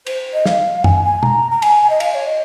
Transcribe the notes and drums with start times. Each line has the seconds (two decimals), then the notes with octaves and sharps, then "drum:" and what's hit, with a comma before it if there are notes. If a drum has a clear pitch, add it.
0.07 C5, drum: cymbal
0.33 D#5
0.46 F5, drum: snare
0.84 G#5, drum: tom F#2
1.04 G#5
1.23 A#5, drum: tom
1.51 A#5
1.62 G#5, drum: cymbal
1.90 D#5
2.00 F5, drum: cymbal
2.14 C#5
2.27 D#5